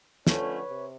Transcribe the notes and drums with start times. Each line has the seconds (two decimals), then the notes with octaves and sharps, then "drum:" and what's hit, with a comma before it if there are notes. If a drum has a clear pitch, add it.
0.27 D3 F3 A3 C#4 B4 C#5, drum: snare
0.68 C3